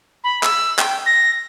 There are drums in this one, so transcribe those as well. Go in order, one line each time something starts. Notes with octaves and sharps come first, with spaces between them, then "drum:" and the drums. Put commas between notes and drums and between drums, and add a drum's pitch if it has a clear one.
B5
E6, drum: clap
G5, drum: clap
A#6